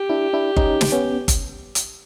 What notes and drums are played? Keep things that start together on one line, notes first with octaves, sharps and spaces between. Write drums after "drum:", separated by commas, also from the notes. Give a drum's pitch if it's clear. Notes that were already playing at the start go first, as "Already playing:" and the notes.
Already playing: G4
D4 E4
D4 E4
C#4 D#4, drum: kick G1
drum: snare
B3 C#4
drum: kick G1, hi-hat
drum: hi-hat